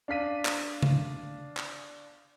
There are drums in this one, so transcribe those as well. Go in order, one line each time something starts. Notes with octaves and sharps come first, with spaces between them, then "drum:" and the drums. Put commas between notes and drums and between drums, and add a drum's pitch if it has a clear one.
D4 F5 B6 D#7
drum: clap
drum: tom C#3
drum: clap